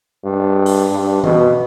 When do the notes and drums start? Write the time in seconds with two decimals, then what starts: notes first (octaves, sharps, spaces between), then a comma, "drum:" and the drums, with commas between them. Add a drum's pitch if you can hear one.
0.24 G2
0.66 drum: open hi-hat
0.90 G2
1.24 B2, drum: tom E3